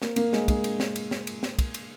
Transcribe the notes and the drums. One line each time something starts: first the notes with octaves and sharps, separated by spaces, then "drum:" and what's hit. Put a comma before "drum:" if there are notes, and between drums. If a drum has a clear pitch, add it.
A#3, drum: snare
A#3, drum: cymbal
G#3, drum: snare
G#3, drum: kick, cymbal
drum: cymbal
drum: snare
drum: cymbal
drum: snare
drum: cymbal
drum: snare
drum: kick, cymbal
drum: cymbal